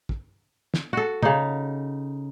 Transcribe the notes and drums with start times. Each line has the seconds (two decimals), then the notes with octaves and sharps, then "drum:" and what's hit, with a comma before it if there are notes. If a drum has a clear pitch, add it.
0.09 drum: kick
0.74 drum: snare
0.93 F#4 A4
1.23 C#3 D#4, drum: tom